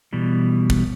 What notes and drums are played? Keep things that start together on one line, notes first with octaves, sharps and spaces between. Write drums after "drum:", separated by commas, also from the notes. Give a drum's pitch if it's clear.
B2 E3 G3
drum: kick